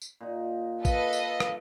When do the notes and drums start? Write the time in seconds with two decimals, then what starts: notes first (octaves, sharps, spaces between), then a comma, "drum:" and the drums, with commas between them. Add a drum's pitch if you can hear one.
0.02 drum: tambourine
0.21 A#2 D#4
0.85 A4 B4 D#5 F5, drum: kick, tambourine
1.13 drum: tambourine
1.40 drum: rim click